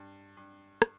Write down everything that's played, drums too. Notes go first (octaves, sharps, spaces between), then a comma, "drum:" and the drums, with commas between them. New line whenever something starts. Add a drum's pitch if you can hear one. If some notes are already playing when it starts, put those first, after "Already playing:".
Already playing: G2
G2
drum: rim click